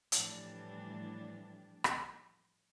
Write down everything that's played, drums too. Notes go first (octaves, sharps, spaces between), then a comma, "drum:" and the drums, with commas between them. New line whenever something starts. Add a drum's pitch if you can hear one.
A2 E3 F3 G3 D4 G4, drum: hi-hat
drum: rim click